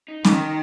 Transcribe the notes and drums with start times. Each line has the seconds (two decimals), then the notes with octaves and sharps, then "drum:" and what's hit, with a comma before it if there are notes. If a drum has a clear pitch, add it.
0.08 D#4
0.25 D#3 G4, drum: snare